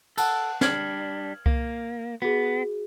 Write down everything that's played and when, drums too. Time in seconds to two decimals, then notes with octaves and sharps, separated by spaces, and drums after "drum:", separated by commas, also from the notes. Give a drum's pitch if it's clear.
0.18 A4 F#5 A5 F#6, drum: cymbal
0.61 G3 D4 F6 G#6 F#7, drum: snare
1.46 A#3, drum: kick C2
2.22 B3 F#4 G#4